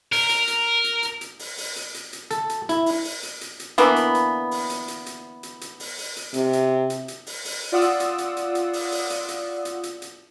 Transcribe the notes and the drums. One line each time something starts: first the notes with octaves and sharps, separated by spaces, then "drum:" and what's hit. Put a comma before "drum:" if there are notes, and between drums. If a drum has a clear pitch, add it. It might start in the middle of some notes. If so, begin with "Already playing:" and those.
A#4, drum: open hi-hat
drum: hi-hat
drum: hi-hat
drum: hi-hat
drum: hi-hat
drum: hi-hat
drum: open hi-hat
drum: open hi-hat
drum: hi-hat
drum: hi-hat
drum: hi-hat
A4, drum: hi-hat
drum: hi-hat
E4, drum: hi-hat
drum: open hi-hat
drum: open hi-hat
drum: hi-hat
drum: hi-hat
drum: hi-hat
D3 E3 A#3 B3, drum: hi-hat
drum: hi-hat
drum: hi-hat
drum: open hi-hat
drum: hi-hat
drum: hi-hat
drum: hi-hat
drum: hi-hat
drum: hi-hat
drum: open hi-hat
drum: open hi-hat
drum: hi-hat
C3, drum: hi-hat
drum: hi-hat
drum: hi-hat
drum: hi-hat
drum: open hi-hat
drum: open hi-hat
F4 D5 F5 F#5 D#6 E6
drum: hi-hat
drum: hi-hat
drum: hi-hat
drum: hi-hat
drum: hi-hat
drum: open hi-hat
drum: open hi-hat
drum: hi-hat
drum: hi-hat
drum: hi-hat
drum: hi-hat
drum: hi-hat